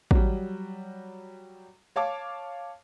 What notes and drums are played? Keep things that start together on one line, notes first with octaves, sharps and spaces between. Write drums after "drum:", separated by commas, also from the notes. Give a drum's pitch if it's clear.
F#3 G3, drum: kick
C#5 F5 A5 D6